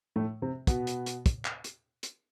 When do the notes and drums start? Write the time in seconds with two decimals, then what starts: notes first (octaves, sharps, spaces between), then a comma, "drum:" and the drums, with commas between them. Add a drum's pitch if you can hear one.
0.16 A2 A3
0.42 C3 C4
0.67 B2 B3, drum: kick, hi-hat
0.87 drum: hi-hat
1.06 drum: hi-hat
1.26 drum: kick, hi-hat
1.45 drum: clap
1.64 drum: hi-hat
2.03 drum: hi-hat